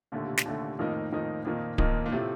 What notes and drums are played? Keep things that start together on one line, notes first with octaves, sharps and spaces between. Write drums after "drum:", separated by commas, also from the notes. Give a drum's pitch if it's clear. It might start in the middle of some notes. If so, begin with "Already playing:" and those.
D#2 A#2 D3 A3
C3
A#2, drum: snare
D#2 D3 A3
F2 A2 D#3 A#3 D#4
F2 D#3 A#3 D#4
F2 A#2 D#3 A#3 D#4
F2 A#2 D#3 A#3 D#4, drum: kick D1
A#2
A2 C3 F3 A3